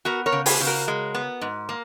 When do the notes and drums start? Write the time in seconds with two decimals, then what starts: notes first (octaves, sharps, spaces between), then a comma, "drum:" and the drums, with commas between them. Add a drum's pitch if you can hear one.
0.05 B3 F#4 A#4
0.26 A#4 C#5
0.32 C#3
0.46 G#4 B4, drum: open hi-hat
0.60 C#3
0.67 F#4 A#4
0.88 G#3
1.14 B3
1.41 G#2
1.69 A#3